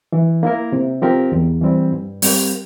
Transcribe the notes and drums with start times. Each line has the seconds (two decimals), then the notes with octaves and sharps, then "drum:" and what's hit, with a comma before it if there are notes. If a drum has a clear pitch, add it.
0.12 E3
0.43 A#3 E4 A#4
0.72 C3
1.02 F3 C4 G4 A#4
1.32 E2
1.61 E3 G3 C4
1.92 G2
2.22 G3 C4 G4 A#4, drum: open hi-hat